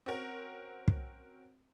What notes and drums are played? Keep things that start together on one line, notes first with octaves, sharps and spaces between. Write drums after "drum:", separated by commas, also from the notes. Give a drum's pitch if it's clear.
C4 C#4 F#4 A#4
drum: kick